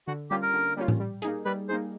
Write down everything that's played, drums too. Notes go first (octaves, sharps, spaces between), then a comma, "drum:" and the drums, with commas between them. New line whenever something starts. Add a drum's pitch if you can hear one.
D3 F#4
G3 A#3 C#4 F4 G4
A#4
D3
G3 A#3 C#4 F4
drum: tom A2
G3
A#3 D#4 G#4, drum: hi-hat
G3 B4
A#3 D#4 G#4 C5